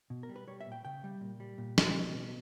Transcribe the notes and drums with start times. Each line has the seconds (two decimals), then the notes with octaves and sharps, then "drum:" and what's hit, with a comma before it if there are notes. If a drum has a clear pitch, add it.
0.10 B2
0.23 A#4
0.29 G3
0.36 B4
0.48 G3 C#5
0.61 E5
0.66 A#2
0.72 G5
0.85 C#3 G5
1.04 G3
1.21 A#2
1.40 G3
1.58 A#2
1.78 G3, drum: snare
1.95 B2 D#5
2.14 B2